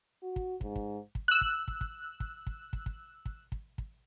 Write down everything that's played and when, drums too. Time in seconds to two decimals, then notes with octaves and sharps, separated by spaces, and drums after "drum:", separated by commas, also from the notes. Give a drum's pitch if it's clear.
0.23 F#4
0.36 drum: kick
0.61 G#2, drum: kick
0.76 drum: kick
1.15 drum: kick
1.28 E6 F#6
1.41 drum: kick
1.68 drum: kick
1.81 drum: kick
2.20 drum: kick
2.47 drum: kick
2.73 drum: kick
2.86 drum: kick
3.26 drum: kick
3.52 drum: kick
3.78 drum: kick